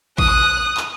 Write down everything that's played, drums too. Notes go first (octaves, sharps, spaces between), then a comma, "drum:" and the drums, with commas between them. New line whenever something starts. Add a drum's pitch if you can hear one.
D#6 F#6, drum: kick A#1
drum: clap